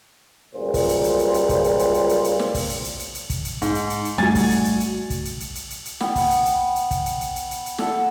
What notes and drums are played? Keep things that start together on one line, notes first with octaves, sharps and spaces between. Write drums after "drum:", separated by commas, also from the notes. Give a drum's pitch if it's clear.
C#2 F#2 A#2 G3 C5
drum: kick, open hi-hat
drum: hi-hat
drum: hi-hat
drum: hi-hat
drum: hi-hat
drum: kick, hi-hat
drum: hi-hat
drum: hi-hat
drum: hi-hat
drum: hi-hat
drum: hi-hat
drum: snare
drum: kick, open hi-hat
drum: hi-hat
drum: hi-hat
drum: hi-hat
drum: hi-hat
drum: kick, hi-hat
drum: hi-hat
G#2, drum: hi-hat
drum: hi-hat
drum: hi-hat
drum: hi-hat
G3 A3 F#4 G#5 A6, drum: snare
drum: kick, open hi-hat
drum: hi-hat
drum: hi-hat
drum: hi-hat
drum: kick, hi-hat
drum: hi-hat
drum: hi-hat
drum: hi-hat
drum: hi-hat
drum: hi-hat
B3 G5, drum: snare
drum: kick, open hi-hat
drum: hi-hat
drum: hi-hat
drum: hi-hat
drum: kick, hi-hat
drum: hi-hat
drum: hi-hat
drum: hi-hat
drum: hi-hat
drum: hi-hat
A4 E5 F#5, drum: snare